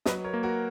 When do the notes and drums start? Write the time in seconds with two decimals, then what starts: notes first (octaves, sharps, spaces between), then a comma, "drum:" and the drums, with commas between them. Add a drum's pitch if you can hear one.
0.06 F#3 B4 D#5, drum: snare
0.24 A#4 C#5
0.34 A#3
0.43 F#4 A#4